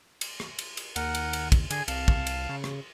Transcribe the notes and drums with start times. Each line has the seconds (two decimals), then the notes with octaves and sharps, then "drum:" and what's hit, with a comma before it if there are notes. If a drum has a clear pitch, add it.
0.21 drum: cymbal
0.40 drum: rim click
0.59 drum: cymbal
0.77 drum: cymbal
0.96 D#2 A#4 F#5, drum: cymbal
1.15 drum: cymbal
1.33 drum: cymbal
1.52 drum: kick, cymbal
1.70 D3 G#4 G#5, drum: cymbal
1.88 C2 F5 A5, drum: cymbal
2.08 drum: kick
2.27 drum: cymbal
2.49 C#3
2.64 drum: rim click